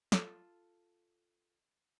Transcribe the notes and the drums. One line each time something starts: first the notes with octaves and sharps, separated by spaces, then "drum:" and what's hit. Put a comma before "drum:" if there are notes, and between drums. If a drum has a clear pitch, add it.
F4 A4, drum: snare